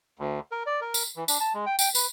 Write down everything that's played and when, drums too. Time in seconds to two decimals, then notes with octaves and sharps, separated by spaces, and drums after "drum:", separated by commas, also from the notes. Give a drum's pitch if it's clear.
0.19 D2
0.51 A#4
0.66 D5
0.81 A#4
0.94 drum: tambourine
1.16 E3
1.28 D4, drum: tambourine
1.40 A5
1.54 G#3
1.66 G5
1.79 G5, drum: tambourine
1.95 B4, drum: tambourine